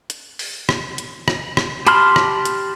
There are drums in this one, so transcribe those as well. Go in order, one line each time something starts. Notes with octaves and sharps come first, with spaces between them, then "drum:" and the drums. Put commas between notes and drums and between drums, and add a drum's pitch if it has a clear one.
drum: hi-hat
drum: open hi-hat
drum: rim click
drum: hi-hat
drum: rim click
drum: rim click
G4 A5 B5 C6 F6, drum: hi-hat
drum: rim click
drum: hi-hat